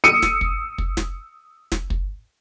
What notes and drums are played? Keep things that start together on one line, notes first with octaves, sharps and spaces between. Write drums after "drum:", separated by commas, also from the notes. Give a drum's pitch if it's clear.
D#6 E6 C#7 D#7
drum: snare
drum: kick
drum: kick
drum: snare
drum: snare
drum: kick